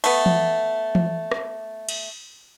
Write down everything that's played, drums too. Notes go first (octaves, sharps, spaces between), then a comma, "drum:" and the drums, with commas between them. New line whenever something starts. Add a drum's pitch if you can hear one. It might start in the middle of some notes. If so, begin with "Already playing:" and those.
A3 B3, drum: cymbal
drum: tom E3
drum: tom E3
drum: rim click
drum: cymbal